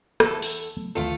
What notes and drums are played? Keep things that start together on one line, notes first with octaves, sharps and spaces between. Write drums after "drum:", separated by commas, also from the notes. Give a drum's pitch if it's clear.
E2 A4, drum: rim click
drum: open hi-hat
F#3 A3 B3
G#1 D2 D#3 F3 A3 F4 A4